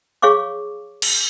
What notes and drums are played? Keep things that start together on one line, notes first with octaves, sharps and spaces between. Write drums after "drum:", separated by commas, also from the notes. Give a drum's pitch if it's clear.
G#4 C#5 F5 C#6 D6
drum: cymbal